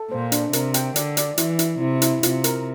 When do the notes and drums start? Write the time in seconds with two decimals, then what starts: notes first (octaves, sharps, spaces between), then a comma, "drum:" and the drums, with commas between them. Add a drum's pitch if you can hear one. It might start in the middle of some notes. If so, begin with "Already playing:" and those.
Already playing: A4
0.11 A#2 C5
0.32 D4, drum: hi-hat
0.53 C3 A#4, drum: hi-hat
0.74 G5, drum: hi-hat
0.96 D3 D5, drum: hi-hat
1.17 D5, drum: hi-hat
1.38 E3 E4, drum: hi-hat
1.59 E4, drum: hi-hat
1.80 C3 E4
2.02 E4, drum: hi-hat
2.23 C3 F4, drum: hi-hat
2.44 A#4, drum: hi-hat